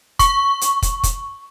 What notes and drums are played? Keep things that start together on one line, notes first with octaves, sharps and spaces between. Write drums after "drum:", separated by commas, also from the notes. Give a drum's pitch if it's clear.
C#6, drum: kick, hi-hat
drum: hi-hat
drum: kick, hi-hat
drum: kick, hi-hat